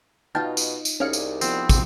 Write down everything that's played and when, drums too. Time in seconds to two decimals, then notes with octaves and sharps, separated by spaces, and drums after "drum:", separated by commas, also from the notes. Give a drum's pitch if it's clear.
0.35 B2 D#4 F4 F5 G5 A5
0.57 drum: tambourine
0.85 drum: tambourine
1.00 C2 C#4 D#4 G#4 D5 F5 C#7
1.13 drum: tambourine
1.41 F3 B3 C4, drum: tambourine
1.69 drum: kick, tambourine